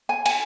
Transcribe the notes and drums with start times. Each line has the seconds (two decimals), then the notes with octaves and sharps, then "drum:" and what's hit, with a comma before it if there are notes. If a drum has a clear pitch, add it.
0.09 G#5
0.26 G#5, drum: cymbal